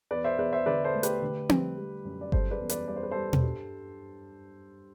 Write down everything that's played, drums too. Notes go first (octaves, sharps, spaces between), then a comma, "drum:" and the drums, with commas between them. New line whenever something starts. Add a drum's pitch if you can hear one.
E2 B4 D5
C5 E5
E2 B4 D5
C5 E5
D3 B4 D5
A4 C5
A3
G4 B4, drum: hi-hat
D3
G3, drum: tom C4
G3
F#2
D5
G3 A4 C5, drum: kick G1
B4 D5
E2
B4 D5, drum: hi-hat
G3 D5
C5
B4
G3 A4 C5
drum: tom
G2